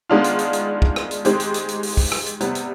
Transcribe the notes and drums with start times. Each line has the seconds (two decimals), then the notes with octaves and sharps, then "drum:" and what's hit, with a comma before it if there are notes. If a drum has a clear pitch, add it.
0.09 D#3 G#3 B3 D4 F4
0.24 drum: hi-hat
0.39 drum: hi-hat
0.53 drum: hi-hat
0.82 drum: kick
0.96 drum: rim click
1.11 drum: hi-hat
1.25 D#3 G#3 C4 G4, drum: hi-hat
1.40 drum: hi-hat
1.54 drum: hi-hat
1.68 drum: hi-hat
1.83 drum: open hi-hat
1.97 drum: kick, open hi-hat
2.12 drum: rim click
2.26 drum: hi-hat
2.40 C3 G3 B3, drum: hi-hat
2.55 drum: hi-hat